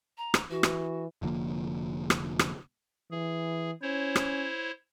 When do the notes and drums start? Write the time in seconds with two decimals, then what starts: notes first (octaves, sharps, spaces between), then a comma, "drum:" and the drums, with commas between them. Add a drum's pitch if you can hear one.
0.18 A#5
0.34 drum: rim click
0.51 E3 F#4
0.63 drum: rim click
1.22 F1 D3 F3 A#3
2.10 drum: rim click
2.39 drum: rim click
3.11 E3 G#4
3.82 C#4 E4 C5 C#5
4.16 drum: rim click